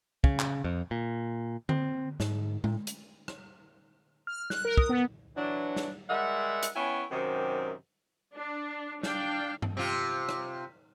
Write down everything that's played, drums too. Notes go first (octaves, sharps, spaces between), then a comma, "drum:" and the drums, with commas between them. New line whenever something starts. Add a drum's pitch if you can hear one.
C#3, drum: kick
drum: clap
F2
A#2
C4, drum: tom D3
G#2, drum: snare
A2, drum: tom G#3
drum: hi-hat
drum: rim click
F6
F#6, drum: snare
A#4
D#6, drum: kick
B3
E3 F#3 D4
drum: snare
G3 G#3 A#4 E5 F#5
drum: hi-hat
B3 C#4 E4 C#5 G5 G#5
F#2 C3 D#3
D4
D4 F5 G5, drum: snare
drum: tom G2
C3 F4
drum: rim click